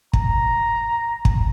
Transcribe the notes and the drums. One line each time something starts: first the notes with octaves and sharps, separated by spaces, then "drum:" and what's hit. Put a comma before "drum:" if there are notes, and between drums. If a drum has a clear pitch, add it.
A#5, drum: kick
drum: kick